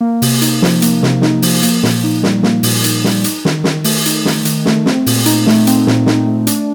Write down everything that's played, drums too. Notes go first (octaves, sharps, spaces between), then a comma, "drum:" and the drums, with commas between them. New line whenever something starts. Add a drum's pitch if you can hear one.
A#3
C3, drum: open hi-hat
D#4, drum: hi-hat
F3, drum: snare
A#3, drum: hi-hat
C3, drum: snare
D#4, drum: snare
F3, drum: open hi-hat
A#3, drum: hi-hat
A#2, drum: snare
D#4
G3, drum: snare
A#3, drum: snare
A#2, drum: open hi-hat
D#4, drum: hi-hat
G3, drum: snare
D#4, drum: hi-hat
D#3, drum: snare
D#3, drum: snare
A3, drum: open hi-hat
D#4, drum: hi-hat
D#3, drum: snare
D#3, drum: hi-hat
A3, drum: snare
C4, drum: snare
A#2, drum: open hi-hat
D#4, drum: hi-hat
A3, drum: snare
C4, drum: hi-hat
A#2, drum: snare
D#4, drum: snare
A3
D4, drum: hi-hat